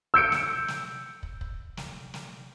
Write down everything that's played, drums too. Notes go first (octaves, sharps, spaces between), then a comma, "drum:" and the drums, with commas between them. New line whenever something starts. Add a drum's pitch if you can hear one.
E6 G6 C#7 D7
drum: snare
drum: snare
drum: kick
drum: kick
drum: snare
drum: snare